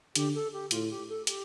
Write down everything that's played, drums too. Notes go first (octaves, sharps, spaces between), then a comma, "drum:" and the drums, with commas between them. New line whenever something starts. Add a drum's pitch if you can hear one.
D3 G4, drum: hi-hat
A4
G4
A2 F4, drum: hi-hat
G4
A4
G4, drum: hi-hat